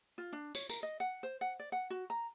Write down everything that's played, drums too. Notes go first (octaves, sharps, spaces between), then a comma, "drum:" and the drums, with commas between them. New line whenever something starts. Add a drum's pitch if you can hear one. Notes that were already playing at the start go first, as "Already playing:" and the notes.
F4
D4
C#5, drum: tambourine
A#4, drum: tambourine
D#5
F#5
C5
F#5
D5
F#5
F#4
A#5